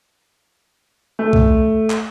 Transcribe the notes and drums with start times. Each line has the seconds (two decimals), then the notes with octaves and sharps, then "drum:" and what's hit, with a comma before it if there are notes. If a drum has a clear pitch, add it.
1.19 A3
1.33 drum: kick B1
1.90 drum: clap